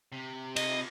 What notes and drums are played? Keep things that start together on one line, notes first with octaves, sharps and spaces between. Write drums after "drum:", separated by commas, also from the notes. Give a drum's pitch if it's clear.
C3
D#5, drum: cymbal